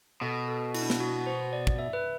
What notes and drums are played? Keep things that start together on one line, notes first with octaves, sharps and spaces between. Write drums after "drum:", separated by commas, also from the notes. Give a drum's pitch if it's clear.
B2 A4
A4
E4, drum: cymbal
D4
E4, drum: snare
F#4
C5
D5
drum: kick
E5
B4